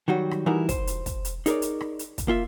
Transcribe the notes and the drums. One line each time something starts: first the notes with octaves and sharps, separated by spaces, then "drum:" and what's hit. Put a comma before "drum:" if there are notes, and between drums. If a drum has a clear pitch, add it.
D#3 F#3 G3 F#4
drum: rim click
E3 G3 D#4 E4 F#4 A#4
C5, drum: kick, hi-hat
drum: hi-hat
drum: kick, hi-hat
drum: hi-hat
D#4 G#4 A#4 C#5 D5, drum: hi-hat
drum: hi-hat
drum: rim click
drum: hi-hat
drum: kick, hi-hat
A#3 F4 E5